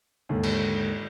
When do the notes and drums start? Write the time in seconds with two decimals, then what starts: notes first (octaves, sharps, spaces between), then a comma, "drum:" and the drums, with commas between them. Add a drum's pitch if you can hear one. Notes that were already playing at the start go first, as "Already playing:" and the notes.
0.29 D#2 G#2 D3
0.43 drum: cymbal